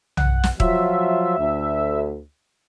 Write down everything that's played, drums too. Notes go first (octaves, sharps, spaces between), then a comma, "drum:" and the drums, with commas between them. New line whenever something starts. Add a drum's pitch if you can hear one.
F#5, drum: tom
drum: snare
F3 F#3 F4 E5, drum: kick D#1
D2